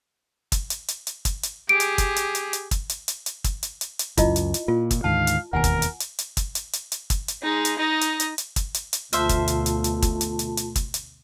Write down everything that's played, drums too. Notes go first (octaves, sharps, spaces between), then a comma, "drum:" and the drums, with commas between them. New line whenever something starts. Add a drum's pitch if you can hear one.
drum: kick, hi-hat
drum: hi-hat
drum: hi-hat
drum: hi-hat
drum: kick, hi-hat
drum: hi-hat
G4 G#4 D7
drum: hi-hat
drum: kick, hi-hat
drum: hi-hat
drum: hi-hat
drum: hi-hat
drum: kick, hi-hat
drum: hi-hat
drum: hi-hat
drum: hi-hat
drum: kick, hi-hat
drum: hi-hat
drum: hi-hat
drum: hi-hat
C#2 F#2 E4 F4 D#5, drum: kick, hi-hat
drum: hi-hat
drum: hi-hat
A#2 F4
drum: kick, hi-hat
D2 G#2 D#3 F5 A5
drum: hi-hat
E1 D#2 A#4 F#5 G#5
drum: kick, hi-hat
drum: hi-hat
drum: hi-hat
drum: hi-hat
drum: kick, hi-hat
drum: hi-hat
drum: hi-hat
drum: hi-hat
drum: kick, hi-hat
drum: hi-hat
G#3 D#4
drum: hi-hat
D#4 D#5
drum: hi-hat
drum: hi-hat
drum: hi-hat
drum: kick, hi-hat
drum: hi-hat
drum: hi-hat
D2 B2 A3 F4 C5 E5 F5 A5, drum: hi-hat
drum: kick, hi-hat
drum: hi-hat
drum: hi-hat
drum: hi-hat
drum: kick, hi-hat
drum: hi-hat
drum: hi-hat
drum: hi-hat
drum: kick, hi-hat
drum: hi-hat